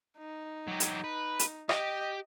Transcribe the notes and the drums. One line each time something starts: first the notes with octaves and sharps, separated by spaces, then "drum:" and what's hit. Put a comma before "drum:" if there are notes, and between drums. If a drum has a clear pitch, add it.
D#4
F#3 G4
drum: hi-hat
B4
drum: hi-hat
G4 D#5 G5, drum: rim click